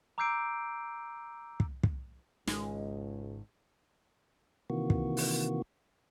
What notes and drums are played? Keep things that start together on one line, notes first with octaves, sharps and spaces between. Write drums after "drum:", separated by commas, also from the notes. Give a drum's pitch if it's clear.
A#5 D6 E6 G6 C7 D7
drum: kick
drum: kick
G#1 C#2 G#2 G#3, drum: snare
C3 D#3 E3 A#3 F#4
drum: kick
drum: open hi-hat